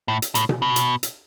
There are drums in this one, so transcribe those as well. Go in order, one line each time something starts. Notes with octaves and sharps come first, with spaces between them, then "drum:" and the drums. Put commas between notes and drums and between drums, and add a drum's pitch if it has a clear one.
A2
drum: hi-hat
A2, drum: hi-hat
drum: tom B2
B2
drum: hi-hat
drum: hi-hat